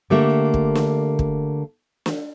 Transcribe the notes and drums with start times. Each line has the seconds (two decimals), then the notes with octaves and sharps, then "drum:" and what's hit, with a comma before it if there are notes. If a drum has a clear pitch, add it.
0.10 D3 A3 A#3 G4 E5
0.54 drum: kick
0.75 drum: snare
1.19 drum: kick
2.06 drum: snare